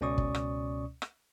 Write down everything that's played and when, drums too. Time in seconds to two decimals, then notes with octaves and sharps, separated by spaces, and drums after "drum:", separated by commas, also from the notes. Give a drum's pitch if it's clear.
0.01 C#2 B2 C#4 D5 C#6 D#6
0.18 drum: kick
0.35 drum: rim click
1.02 drum: rim click